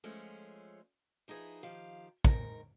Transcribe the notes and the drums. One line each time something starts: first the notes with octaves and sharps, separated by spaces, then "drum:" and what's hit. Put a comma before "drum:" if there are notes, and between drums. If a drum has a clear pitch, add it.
F3 G#3 A3 C#4
F3 D#4 E4 G#4 B4
D#3 F3 G4 F5
G#2 D#3 A#4, drum: kick